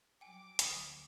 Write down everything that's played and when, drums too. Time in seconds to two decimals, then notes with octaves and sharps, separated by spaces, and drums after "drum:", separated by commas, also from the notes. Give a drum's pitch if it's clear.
0.21 F#3 G5 G#5 D6
0.59 D2 A#3 D#6 A6, drum: hi-hat